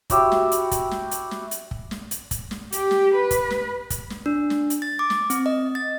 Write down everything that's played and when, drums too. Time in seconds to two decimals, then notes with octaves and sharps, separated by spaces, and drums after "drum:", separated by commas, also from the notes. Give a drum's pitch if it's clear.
0.10 E4 F#4 G4 E5, drum: kick, hi-hat
0.32 drum: snare
0.52 drum: hi-hat
0.71 drum: kick, hi-hat
0.91 drum: snare
1.11 drum: hi-hat
1.31 drum: snare
1.51 drum: hi-hat
1.71 drum: kick
1.91 drum: snare
2.11 drum: hi-hat
2.31 drum: kick, hi-hat
2.51 drum: snare
2.72 G4, drum: hi-hat
2.91 drum: snare
3.15 B4
3.31 drum: kick, hi-hat
3.51 drum: snare
3.90 drum: kick, hi-hat
4.10 drum: snare
4.26 D4
4.50 drum: snare
4.70 drum: hi-hat
4.82 A6
4.99 D6
5.10 drum: snare
5.30 C4, drum: hi-hat
5.46 D#5
5.75 A6